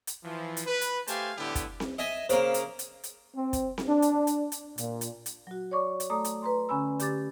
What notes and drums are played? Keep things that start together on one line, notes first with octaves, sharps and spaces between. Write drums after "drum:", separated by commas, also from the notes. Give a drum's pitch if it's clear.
drum: hi-hat
E3 F3
drum: hi-hat
B4
drum: hi-hat
A3 G4 C5 F5 G#5 A5, drum: hi-hat
A2 D3 G3 B3 E4 G4
drum: kick, hi-hat
drum: snare C4
D#5 E5 G#5
C#3 A#3 C5, drum: hi-hat
drum: hi-hat
drum: hi-hat
drum: hi-hat
C4
drum: kick, hi-hat
drum: snare C4
D4
drum: hi-hat
drum: hi-hat
drum: hi-hat
A#2, drum: hi-hat
drum: hi-hat
drum: hi-hat
F#3 F#4
C#5 D5 C#6 D6
drum: hi-hat
A3 A4 D5 A#5 D6 D#6
drum: hi-hat
B4 A#5 C6
D3 C#4 G#5 B5 E6
D3 G4 D6 A6, drum: hi-hat